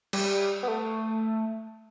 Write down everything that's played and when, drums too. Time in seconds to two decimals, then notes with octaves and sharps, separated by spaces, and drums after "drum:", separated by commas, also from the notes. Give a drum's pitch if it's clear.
0.13 G3, drum: cymbal
0.63 B3
0.68 A3